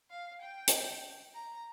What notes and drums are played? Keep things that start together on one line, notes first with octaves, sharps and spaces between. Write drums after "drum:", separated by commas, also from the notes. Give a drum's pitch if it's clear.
F5
G5
drum: hi-hat
A#5